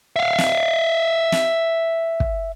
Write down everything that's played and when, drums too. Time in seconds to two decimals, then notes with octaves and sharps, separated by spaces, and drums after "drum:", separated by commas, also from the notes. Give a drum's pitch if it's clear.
0.16 E5 F5
0.38 drum: snare
1.32 drum: snare
2.20 drum: kick